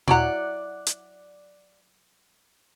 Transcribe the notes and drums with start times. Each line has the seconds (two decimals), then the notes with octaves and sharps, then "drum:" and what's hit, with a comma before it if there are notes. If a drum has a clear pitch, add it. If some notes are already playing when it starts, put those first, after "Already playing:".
0.08 F#3 E4 D5 F#5 A#5, drum: tom A#2
0.87 drum: hi-hat